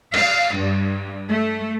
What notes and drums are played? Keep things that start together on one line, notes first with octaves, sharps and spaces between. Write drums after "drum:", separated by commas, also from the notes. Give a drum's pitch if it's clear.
F5, drum: cymbal
G2
A3